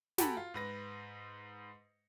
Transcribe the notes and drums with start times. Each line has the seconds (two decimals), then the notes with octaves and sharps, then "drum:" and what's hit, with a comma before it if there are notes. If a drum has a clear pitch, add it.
0.18 F#4 G4 A4 G#5 A#5 B5, drum: snare
0.37 F4
0.54 G#2 B4 A#6